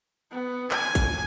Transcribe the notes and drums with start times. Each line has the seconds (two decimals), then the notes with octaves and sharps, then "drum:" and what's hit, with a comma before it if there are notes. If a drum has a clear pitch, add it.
0.31 B3
0.71 G#5, drum: clap
0.95 drum: kick, hi-hat